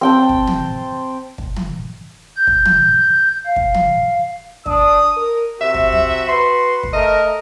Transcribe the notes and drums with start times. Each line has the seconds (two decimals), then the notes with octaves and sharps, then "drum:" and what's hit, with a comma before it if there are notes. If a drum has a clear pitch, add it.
0.01 C4 G5 A5
0.29 drum: kick
0.47 drum: tom
1.38 drum: kick
1.56 drum: tom
2.36 G6
2.47 drum: kick
2.65 drum: tom
3.46 F5
3.56 drum: kick
3.74 drum: tom
4.66 D4 D#6, drum: kick
5.16 A#4
5.61 C3 F#4 E5
5.74 drum: kick
5.92 drum: tom
6.29 B4 C6
6.83 drum: kick
6.93 A3 A#4 D#5